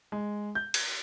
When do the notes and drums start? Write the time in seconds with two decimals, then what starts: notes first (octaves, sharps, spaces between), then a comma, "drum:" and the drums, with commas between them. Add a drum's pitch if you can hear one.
0.12 G#3
0.55 G6
0.74 drum: cymbal